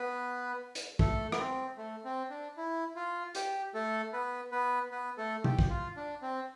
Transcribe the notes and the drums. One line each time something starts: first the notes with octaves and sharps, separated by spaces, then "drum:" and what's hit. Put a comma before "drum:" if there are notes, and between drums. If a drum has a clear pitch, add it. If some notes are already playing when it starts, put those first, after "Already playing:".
Already playing: B3 B4
drum: hi-hat
A3 A4, drum: kick
B3, drum: rim click
C4
A3
C4
D4
E4
F4
G4, drum: hi-hat
A3 A4
B3 B4
B3 B4
B3 B4
A3 A4
G4, drum: tom
drum: kick
F4
D4
C4